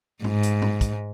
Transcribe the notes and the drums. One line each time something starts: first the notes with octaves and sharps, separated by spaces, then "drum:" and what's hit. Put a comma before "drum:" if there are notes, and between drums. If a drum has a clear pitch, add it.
G#2, drum: tom
drum: hi-hat
drum: tom
drum: kick, hi-hat